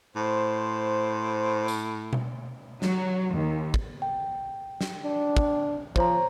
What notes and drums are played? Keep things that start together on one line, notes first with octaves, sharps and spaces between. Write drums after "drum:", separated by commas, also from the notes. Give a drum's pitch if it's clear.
A2 C5
drum: tambourine
drum: tom B2
F#3, drum: snare
D#2
drum: kick
G5
drum: snare
D4
drum: kick
F3 C5 C#5 A#5, drum: kick